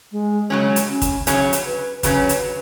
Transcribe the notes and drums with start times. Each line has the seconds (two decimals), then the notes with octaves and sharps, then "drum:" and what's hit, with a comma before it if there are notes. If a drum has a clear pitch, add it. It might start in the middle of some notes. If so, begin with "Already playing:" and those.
0.12 G#3
0.50 C#3 F#3 G#3 C#4
0.76 drum: hi-hat
0.89 C#4
1.02 drum: kick, hi-hat
1.27 C#3 F#3 C#4 G#4, drum: hi-hat
1.53 drum: hi-hat
1.66 B4
2.03 C#3 F#3 C#4 B4, drum: kick, hi-hat
2.29 drum: hi-hat